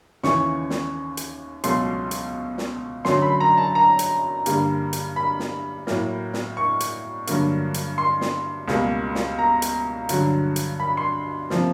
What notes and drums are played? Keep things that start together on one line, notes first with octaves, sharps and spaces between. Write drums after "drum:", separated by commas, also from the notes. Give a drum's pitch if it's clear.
D#2 C#3 E3 C#6, drum: snare
drum: snare
drum: hi-hat
C#2 B2 F#3 A3 C6, drum: hi-hat
drum: hi-hat
drum: snare
F#2 D3 F#3 A3 C6, drum: snare
B5
A#5
A5
A#5
drum: hi-hat
G2 D3 G3 A#3, drum: hi-hat
drum: hi-hat
B5
drum: snare
A2 F#3 A#3, drum: snare
drum: snare
C#6
drum: hi-hat
G2 D3 F#3 A#3, drum: hi-hat
drum: hi-hat
C6
drum: snare
C#2 B2 G3 A#3, drum: snare
drum: snare
A#5
drum: hi-hat
G2 D3 F#3, drum: hi-hat
drum: hi-hat
B5
C6
C3 F3 A#3, drum: snare